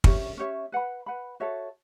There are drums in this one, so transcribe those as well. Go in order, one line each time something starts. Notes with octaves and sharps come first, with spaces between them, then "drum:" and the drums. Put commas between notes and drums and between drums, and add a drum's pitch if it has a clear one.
C#4 G4 C#5 E5, drum: kick
C#4 G4 C#5 E5
B4 F#5 B5
B4 F#5 B5
F#4 A4 C#5 E5